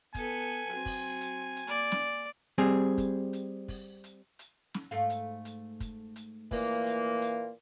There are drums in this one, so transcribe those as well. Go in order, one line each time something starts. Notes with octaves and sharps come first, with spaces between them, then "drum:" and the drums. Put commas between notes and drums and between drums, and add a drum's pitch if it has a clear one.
B3 A4 B4 G#5, drum: kick, hi-hat
F#3 C4
drum: kick, open hi-hat
drum: hi-hat
drum: hi-hat
A#3 D5
drum: snare
G3 C4 G#4
drum: kick, hi-hat
drum: hi-hat
drum: kick, open hi-hat
drum: hi-hat
drum: hi-hat
drum: snare
G#2 A3 F5
drum: hi-hat
drum: hi-hat
drum: kick, hi-hat
drum: hi-hat
A#2 E3 A#3, drum: kick, open hi-hat
drum: hi-hat
drum: hi-hat